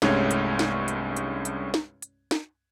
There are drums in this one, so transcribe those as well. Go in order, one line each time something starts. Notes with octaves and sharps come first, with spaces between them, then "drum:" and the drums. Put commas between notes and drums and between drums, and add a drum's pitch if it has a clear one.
C2 G2 G#3 A3 C#4 C#5, drum: snare
drum: hi-hat
drum: snare
drum: hi-hat
drum: hi-hat
drum: hi-hat
drum: snare
drum: hi-hat
drum: snare